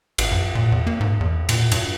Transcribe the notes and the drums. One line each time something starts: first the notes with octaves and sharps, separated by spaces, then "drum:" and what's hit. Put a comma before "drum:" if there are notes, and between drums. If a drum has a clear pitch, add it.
A1, drum: cymbal
F#2
A#2
E2
A#3
G#2
E2
A#2, drum: cymbal
G2, drum: cymbal